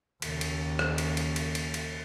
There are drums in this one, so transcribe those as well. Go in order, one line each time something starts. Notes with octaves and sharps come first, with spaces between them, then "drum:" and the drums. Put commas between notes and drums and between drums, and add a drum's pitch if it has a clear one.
D#2 C#3, drum: cymbal
drum: cymbal
drum: rim click
drum: cymbal
drum: cymbal
drum: cymbal
drum: cymbal
drum: cymbal